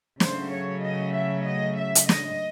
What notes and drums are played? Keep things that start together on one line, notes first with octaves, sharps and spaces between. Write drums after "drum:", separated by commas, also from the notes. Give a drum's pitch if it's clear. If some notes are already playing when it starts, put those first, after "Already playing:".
C#3 F#3 A3 C5, drum: snare
C#5
D#5
E5
D#5
E5
drum: hi-hat
D#5, drum: snare